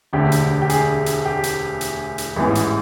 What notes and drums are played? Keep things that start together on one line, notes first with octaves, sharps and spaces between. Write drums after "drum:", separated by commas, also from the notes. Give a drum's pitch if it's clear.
E1 D2 D3 G4
drum: hi-hat
G4
G#4, drum: hi-hat
drum: hi-hat
G4
drum: hi-hat
drum: hi-hat
drum: hi-hat
A1 G#2 E3 G#3 B3
drum: hi-hat